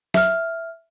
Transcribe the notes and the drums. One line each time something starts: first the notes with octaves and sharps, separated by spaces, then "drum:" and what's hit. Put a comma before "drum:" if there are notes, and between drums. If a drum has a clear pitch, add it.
E5 F6, drum: snare F#3